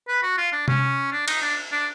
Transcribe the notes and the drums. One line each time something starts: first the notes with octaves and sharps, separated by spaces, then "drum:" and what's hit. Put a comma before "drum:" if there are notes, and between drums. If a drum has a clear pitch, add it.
B4
F#4
F4
D4
C#4, drum: tom C3
D4
D#4, drum: cymbal
D4
D4